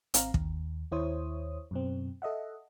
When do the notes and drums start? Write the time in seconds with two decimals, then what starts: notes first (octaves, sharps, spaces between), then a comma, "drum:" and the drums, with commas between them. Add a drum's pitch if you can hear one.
0.14 G#1 C4 F5 A#5, drum: hi-hat
0.34 D#2, drum: kick
0.92 D#2 E4 C5 C#5 D#6
1.71 F#2 B2 C4
2.22 A4 D#5 E5 F#5